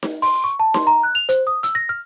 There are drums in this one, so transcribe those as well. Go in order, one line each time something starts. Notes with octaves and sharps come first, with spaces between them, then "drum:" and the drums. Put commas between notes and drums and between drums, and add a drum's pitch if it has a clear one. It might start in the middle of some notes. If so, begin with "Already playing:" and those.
drum: snare D#4
C6, drum: open hi-hat
C#6
A5
C6, drum: snare D#4
A#5
F#6
F7
C5, drum: hi-hat
D#6
E6, drum: hi-hat
A#6
F6